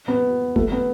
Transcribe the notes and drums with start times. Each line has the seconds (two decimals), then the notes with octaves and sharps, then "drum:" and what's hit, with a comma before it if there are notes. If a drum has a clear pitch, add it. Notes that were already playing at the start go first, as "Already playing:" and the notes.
0.08 B3
0.56 A3, drum: kick G1
0.72 B3